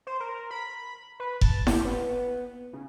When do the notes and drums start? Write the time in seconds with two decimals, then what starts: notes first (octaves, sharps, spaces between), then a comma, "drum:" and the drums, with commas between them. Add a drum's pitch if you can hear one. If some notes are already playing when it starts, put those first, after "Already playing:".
0.07 C5
0.20 A#4
0.51 B5
1.20 B4
1.41 A5, drum: kick F1
1.67 G4, drum: snare E4
1.85 B3
2.73 C#3